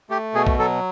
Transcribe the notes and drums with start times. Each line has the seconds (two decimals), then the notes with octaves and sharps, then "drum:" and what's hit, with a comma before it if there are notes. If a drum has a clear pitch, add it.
0.10 A3 G4
0.34 B2 G#4
0.47 drum: kick A#1
0.59 F#3 A4